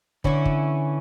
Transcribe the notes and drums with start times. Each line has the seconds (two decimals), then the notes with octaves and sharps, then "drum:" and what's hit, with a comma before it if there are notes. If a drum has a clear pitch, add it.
0.24 D3 E3 A3 C#4 E4, drum: kick
0.45 drum: kick